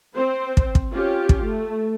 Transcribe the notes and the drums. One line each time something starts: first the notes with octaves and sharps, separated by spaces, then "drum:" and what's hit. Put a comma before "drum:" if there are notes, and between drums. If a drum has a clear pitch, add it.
C4 C5
drum: kick
drum: kick
C#4 F4 G4
drum: kick
A3